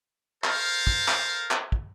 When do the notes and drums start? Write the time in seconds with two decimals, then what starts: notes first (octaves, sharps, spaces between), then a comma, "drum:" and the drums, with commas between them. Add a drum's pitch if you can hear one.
0.44 A4 A#4 C5 F5, drum: clap
0.87 drum: kick
1.08 drum: clap
1.51 drum: clap
1.72 drum: kick